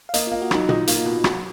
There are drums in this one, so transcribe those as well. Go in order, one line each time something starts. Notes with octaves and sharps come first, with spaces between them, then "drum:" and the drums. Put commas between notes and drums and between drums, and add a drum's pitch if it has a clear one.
F5
A#3 D#5, drum: hi-hat
A#3 F4
F#4
F#3 D#4, drum: rim click
D#4 F4, drum: tom
A#3, drum: hi-hat
F4
B2
F#3 F#4, drum: rim click